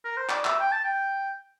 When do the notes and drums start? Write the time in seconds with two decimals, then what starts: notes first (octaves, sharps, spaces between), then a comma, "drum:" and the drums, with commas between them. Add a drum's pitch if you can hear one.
0.04 A#4
0.17 C5
0.29 D5, drum: clap
0.45 E5, drum: clap
0.60 G5
0.72 A5
0.84 G5